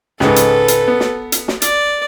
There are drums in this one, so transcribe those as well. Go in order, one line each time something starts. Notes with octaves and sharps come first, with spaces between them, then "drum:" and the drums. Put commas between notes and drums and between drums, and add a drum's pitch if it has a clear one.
C#2 G#2 A4 B4, drum: snare
drum: hi-hat
drum: hi-hat
B3
drum: snare
drum: hi-hat
drum: snare
D5, drum: hi-hat